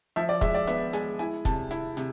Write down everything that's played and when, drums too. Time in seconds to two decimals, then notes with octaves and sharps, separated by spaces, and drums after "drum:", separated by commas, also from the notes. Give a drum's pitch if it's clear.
0.16 F3 E5
0.29 D5
0.41 G#3 E5, drum: kick, hi-hat
0.54 D5
0.67 B3 E5, drum: hi-hat
0.93 G#3 G#5, drum: hi-hat
1.19 E4 G#5
1.45 C3 A5, drum: kick, hi-hat
1.71 E4, drum: hi-hat
1.97 C3, drum: hi-hat